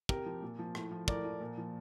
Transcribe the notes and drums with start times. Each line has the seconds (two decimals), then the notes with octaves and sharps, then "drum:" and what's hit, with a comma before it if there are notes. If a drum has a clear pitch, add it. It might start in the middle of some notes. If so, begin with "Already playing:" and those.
0.09 C3 G4 A#4, drum: kick
0.26 F3
0.42 A#2
0.59 F3
0.75 A2, drum: rim click
0.91 F3
1.08 A2 A#4 D5, drum: kick
1.24 F3
1.40 A#2
1.58 F3